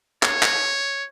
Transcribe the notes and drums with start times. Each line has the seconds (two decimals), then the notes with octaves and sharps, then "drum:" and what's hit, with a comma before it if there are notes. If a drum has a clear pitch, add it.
0.23 C#5, drum: clap
0.42 drum: clap